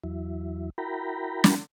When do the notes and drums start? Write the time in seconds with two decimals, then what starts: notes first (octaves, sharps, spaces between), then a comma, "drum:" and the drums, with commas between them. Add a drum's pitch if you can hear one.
0.04 E2 F#3 E4
0.78 E4 F#4 A#4 G5 A#5 B5
1.44 drum: snare